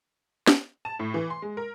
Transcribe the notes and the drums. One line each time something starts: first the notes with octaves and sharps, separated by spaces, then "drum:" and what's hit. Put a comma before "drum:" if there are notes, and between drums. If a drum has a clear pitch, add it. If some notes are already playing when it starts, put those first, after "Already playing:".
drum: snare
A5
A2
E3
C6
G#3
A#4